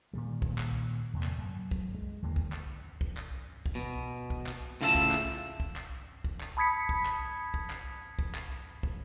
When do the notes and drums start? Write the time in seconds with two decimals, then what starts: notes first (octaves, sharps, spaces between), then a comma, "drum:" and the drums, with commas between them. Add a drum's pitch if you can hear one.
0.13 A#2 D#3 G3
0.42 drum: kick
0.58 drum: clap
1.13 E2 C3 A#3
1.23 drum: clap
1.38 F#2
1.71 drum: kick
1.95 G#3
2.22 D#2 D3 E3 A#3
2.36 drum: kick
2.52 drum: clap
3.01 drum: kick
3.17 drum: clap
3.66 drum: kick
3.75 B2
4.30 drum: kick
4.47 drum: clap
4.81 A2 C#3 F4 D5 E5 A5
4.95 drum: kick
5.11 drum: clap
5.60 drum: kick
5.76 drum: clap
6.24 drum: kick
6.41 drum: clap
6.57 A5 B5 D#6 G#6 B6 C#7
6.89 drum: kick
7.05 drum: clap
7.54 drum: kick
7.70 drum: clap
8.19 drum: kick
8.35 drum: clap
8.83 drum: kick